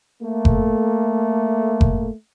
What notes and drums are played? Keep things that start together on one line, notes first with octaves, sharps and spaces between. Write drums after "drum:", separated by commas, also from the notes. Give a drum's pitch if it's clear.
A3 A#3
drum: kick F#1
drum: kick F#1